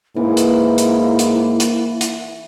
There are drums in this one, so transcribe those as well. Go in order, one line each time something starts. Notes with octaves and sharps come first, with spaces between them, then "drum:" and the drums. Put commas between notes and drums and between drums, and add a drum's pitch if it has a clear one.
G#2 E3 A#3 E4
drum: hi-hat
drum: hi-hat
drum: hi-hat
drum: hi-hat
drum: hi-hat